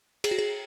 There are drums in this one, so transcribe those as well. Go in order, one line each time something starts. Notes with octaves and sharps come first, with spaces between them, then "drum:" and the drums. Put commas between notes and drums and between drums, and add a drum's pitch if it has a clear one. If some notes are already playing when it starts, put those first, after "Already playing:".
G#4, drum: cymbal
F#4
G#4